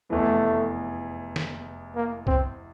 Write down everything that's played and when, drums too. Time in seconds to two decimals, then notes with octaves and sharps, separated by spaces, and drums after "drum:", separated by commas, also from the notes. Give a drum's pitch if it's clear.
0.10 F1 E2 E3 A3
1.36 drum: snare
1.96 A#3
2.27 C4, drum: kick